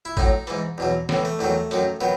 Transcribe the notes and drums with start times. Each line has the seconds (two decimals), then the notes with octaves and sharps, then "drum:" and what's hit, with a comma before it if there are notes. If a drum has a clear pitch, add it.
0.05 E4
0.17 A2 F#3 D#4, drum: kick G#1
0.47 G#2 E3, drum: hi-hat
0.78 E2 B2 F#3
1.09 A2 E3, drum: snare
1.25 A3
1.39 E2 D#3 F#3 A3
1.71 F#2 D#3 F#3, drum: hi-hat
2.01 D#3 F#3 B3